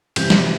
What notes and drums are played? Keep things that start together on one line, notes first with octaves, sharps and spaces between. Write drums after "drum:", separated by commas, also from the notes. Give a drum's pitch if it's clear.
C3 E3 G3 G6, drum: cymbal
drum: snare